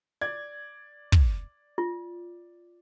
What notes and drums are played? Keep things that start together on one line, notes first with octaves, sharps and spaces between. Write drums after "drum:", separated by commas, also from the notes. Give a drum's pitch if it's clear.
D5 G#6
drum: kick
F4